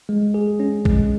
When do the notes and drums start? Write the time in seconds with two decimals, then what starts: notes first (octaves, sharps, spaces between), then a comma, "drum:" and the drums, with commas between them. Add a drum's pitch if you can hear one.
0.09 G#3
0.34 G#4
0.60 C#4
0.85 G#3, drum: kick A#1